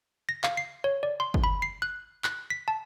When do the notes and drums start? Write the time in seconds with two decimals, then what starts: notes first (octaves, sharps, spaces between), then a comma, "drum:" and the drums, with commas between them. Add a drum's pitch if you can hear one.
0.29 A#6
0.44 F5, drum: clap
0.57 C7
0.84 C#5
1.03 D5
1.20 C6
1.34 drum: kick
1.44 B5
1.62 C7
1.82 F#6
2.24 F#6, drum: clap
2.50 B6
2.68 A5